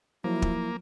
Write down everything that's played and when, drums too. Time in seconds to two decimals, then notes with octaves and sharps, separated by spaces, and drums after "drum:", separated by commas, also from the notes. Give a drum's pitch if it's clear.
0.24 F3 F#3 A#3 E4
0.42 drum: kick